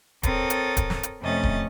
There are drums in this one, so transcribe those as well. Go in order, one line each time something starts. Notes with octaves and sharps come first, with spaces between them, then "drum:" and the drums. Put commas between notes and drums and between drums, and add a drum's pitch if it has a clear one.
C4 A4 A#4 C#5 D#6 A6, drum: kick D1, hi-hat
drum: hi-hat
drum: kick D1, hi-hat
drum: snare
drum: hi-hat
F2 C3 A3 C#4 D#5 A6
drum: kick D1